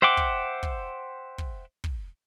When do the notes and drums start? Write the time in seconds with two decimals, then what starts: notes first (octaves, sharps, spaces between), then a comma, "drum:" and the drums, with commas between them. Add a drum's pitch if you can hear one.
0.02 C5 E5 F#5 G5 D6
0.17 drum: kick
0.63 drum: kick
1.38 drum: kick
1.84 drum: kick